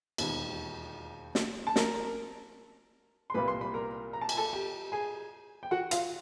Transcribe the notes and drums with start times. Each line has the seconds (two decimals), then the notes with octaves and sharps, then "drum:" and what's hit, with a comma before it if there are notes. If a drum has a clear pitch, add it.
0.18 E1 D#2 D#3, drum: cymbal
1.35 drum: snare
1.67 A5
1.76 A#4 A#5, drum: snare
3.30 C6
3.34 C2 A#2 G3 A#3 B4 B5
3.48 C6
3.61 B5
3.74 A#4 A#5
4.13 A#5
4.21 A5
4.29 G#5, drum: cymbal
4.37 A4 A5
4.53 G4 G5
4.92 G#4 G#5
5.63 G5
5.71 F#4 F#5
5.91 F4 F5, drum: hi-hat